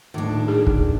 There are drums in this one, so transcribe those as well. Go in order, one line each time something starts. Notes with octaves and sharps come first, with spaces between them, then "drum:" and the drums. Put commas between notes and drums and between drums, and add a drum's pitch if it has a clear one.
D#1 A2 D4 D#4 D6
G#4
drum: kick